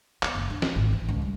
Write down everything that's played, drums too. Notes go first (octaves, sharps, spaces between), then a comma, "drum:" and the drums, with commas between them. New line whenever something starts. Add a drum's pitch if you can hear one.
B3, drum: clap
F#1
D4
F#2, drum: snare
G#1
E3
C#2
G3